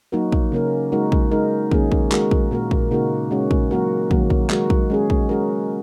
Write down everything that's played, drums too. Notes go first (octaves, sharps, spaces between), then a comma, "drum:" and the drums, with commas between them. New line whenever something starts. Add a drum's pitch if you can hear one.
F#3 A#3 D#4 F#4 A#4
drum: kick
C#3 A#3 C#4 A#4
G#3 D#4 F#4 A#4
drum: kick
G#3 D#4 A#4
D#3 A#3 C#4 G#4, drum: kick
drum: kick
G#3 F#4 A#4, drum: clap
drum: kick
A#2 A#3 F#4 A#4
drum: kick
C#3 A#3 D#4 F#4 A#4
G#3 C#4 F#4
drum: kick
F#3 A#3 F#4 A#4
D#3 F#3 A#3, drum: kick
drum: kick
G#3 F#4 A#4, drum: clap
drum: kick
G#3 C#4 G#4
drum: kick
G#3 C#4 F#4 A#4